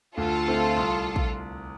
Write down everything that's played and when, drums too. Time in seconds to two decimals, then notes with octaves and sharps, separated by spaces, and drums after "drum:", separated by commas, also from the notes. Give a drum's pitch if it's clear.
0.17 D2 F4 A4
0.47 D3 A3 C4
0.77 C2
1.16 drum: kick